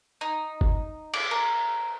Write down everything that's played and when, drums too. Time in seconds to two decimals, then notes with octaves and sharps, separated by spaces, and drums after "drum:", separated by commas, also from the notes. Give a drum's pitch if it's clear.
0.21 D#4
0.61 drum: kick
1.14 D6, drum: cymbal
1.31 A#4